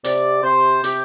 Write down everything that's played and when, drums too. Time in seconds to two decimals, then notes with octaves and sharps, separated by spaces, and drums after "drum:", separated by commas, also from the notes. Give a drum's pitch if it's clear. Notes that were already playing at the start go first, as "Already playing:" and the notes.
0.04 C3 D5, drum: hi-hat
0.43 C3 C5
0.84 C3 G4, drum: hi-hat